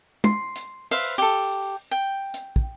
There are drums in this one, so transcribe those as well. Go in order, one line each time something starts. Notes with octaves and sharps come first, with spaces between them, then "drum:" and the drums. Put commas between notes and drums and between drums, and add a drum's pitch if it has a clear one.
C6, drum: tom
drum: hi-hat
B4 C5 E5 F5, drum: open hi-hat
G4 A4
G5
drum: hi-hat
drum: kick